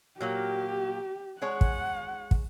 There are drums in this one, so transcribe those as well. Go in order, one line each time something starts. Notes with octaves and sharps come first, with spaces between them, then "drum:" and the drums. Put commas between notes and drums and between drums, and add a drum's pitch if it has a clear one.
A#2 F#3 A#3 G4
G#3 G#4 C#5 F#5
drum: kick
drum: kick